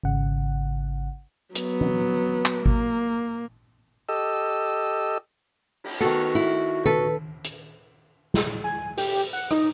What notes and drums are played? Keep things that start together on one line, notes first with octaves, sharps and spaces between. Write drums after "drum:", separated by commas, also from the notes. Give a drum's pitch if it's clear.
G#1 C#3 F#5
F#3 B3, drum: hi-hat
drum: tom E3
drum: clap
A#3, drum: kick G#1
G4 A4 D#5 E6
drum: cymbal
D#3 B3 F#4 A4
E4
A4 B4, drum: tom D#3
drum: hi-hat
drum: snare
G#5
G4, drum: open hi-hat
F#5
D#4, drum: rim click